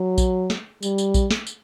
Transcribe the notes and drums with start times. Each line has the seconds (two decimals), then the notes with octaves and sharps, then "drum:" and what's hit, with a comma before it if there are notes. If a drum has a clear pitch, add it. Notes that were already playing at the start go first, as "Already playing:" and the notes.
Already playing: F#3
0.18 drum: kick A#1, tambourine
0.50 drum: snare
0.83 G3, drum: tambourine
0.98 drum: tambourine
1.14 drum: kick A#1, tambourine
1.30 drum: snare
1.47 drum: tambourine